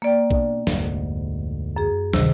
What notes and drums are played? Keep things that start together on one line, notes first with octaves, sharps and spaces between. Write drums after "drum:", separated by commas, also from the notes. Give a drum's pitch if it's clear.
A#3 D5 G5
B2 D4, drum: kick A#1
F1 D2 G#2, drum: snare
F#2 G#4
G#1 D2 C3 D#3, drum: snare